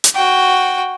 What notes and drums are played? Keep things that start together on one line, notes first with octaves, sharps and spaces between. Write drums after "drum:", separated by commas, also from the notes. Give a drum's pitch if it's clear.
drum: hi-hat
F#4 G5